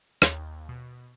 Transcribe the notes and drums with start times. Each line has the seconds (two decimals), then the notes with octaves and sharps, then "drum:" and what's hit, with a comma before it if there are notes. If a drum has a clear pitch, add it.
0.22 D#2, drum: rim click
0.69 B2